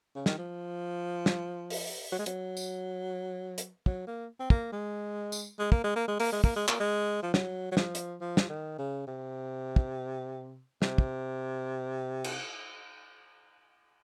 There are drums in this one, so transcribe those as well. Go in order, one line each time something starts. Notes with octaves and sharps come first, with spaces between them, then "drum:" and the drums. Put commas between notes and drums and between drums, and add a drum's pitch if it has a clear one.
C#3
D#3, drum: snare
F3
drum: snare
drum: open hi-hat
F#3
G#3
F#3, drum: hi-hat
drum: tambourine
drum: hi-hat
F#3, drum: kick
A#3
C4
A#3, drum: kick
G#3
drum: tambourine
G#3
A#3, drum: kick
G#3
A#3
G#3
A#3, drum: open hi-hat
G#3
A#3, drum: kick
G#3
A#3, drum: clap
G#3
F3
F#3, drum: snare
F#3
F3, drum: snare
drum: hi-hat
F3
drum: snare
D#3
C#3
C3
drum: kick
C3, drum: snare
drum: kick
drum: cymbal